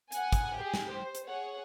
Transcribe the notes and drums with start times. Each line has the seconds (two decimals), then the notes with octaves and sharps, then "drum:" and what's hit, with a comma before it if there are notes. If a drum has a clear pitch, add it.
0.12 F#5 G#5, drum: hi-hat
0.33 drum: kick, hi-hat
0.59 G4 G#4
0.74 drum: snare
0.91 C5
1.15 drum: hi-hat
1.27 G#4 C#5 F#5